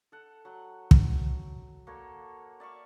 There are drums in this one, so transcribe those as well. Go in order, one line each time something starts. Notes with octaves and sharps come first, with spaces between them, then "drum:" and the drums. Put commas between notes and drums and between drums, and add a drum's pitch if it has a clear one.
A4 F#5
F#3 F#5
drum: kick
A#3 F#4 A4 C#5
D5 E5 F5 C#6